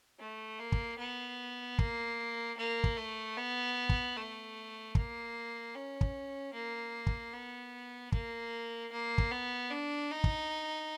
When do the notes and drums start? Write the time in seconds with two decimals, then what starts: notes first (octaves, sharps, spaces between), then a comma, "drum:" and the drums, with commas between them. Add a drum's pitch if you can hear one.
0.19 A3
0.59 A#3
0.72 drum: kick
0.98 B3
1.79 A#3, drum: kick
2.57 A#3
2.84 drum: kick
2.97 A3
3.37 B3
3.89 drum: kick
4.16 A3
4.95 A#3, drum: kick
5.75 C#4
6.01 drum: kick
6.53 A#3
7.07 drum: kick
7.33 B3
8.12 A#3, drum: kick
8.92 A#3
9.18 drum: kick
9.32 B3
9.70 D4
10.11 D#4
10.24 drum: kick